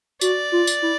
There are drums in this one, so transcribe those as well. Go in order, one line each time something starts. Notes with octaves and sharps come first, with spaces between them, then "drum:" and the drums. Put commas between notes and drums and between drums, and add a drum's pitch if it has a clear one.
F#4 D5, drum: tambourine
F4
drum: tambourine
E4